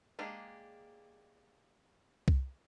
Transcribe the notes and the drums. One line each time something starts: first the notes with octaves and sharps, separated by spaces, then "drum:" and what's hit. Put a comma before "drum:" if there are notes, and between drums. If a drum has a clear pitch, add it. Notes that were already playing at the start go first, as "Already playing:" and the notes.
G#3 A#3 D4 G4 G#4
drum: kick C2